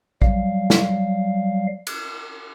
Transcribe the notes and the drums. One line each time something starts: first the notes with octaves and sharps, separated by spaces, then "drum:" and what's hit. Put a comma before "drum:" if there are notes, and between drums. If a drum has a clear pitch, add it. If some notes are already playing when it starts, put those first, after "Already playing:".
F#3 G3 F5, drum: kick A1
drum: snare
drum: cymbal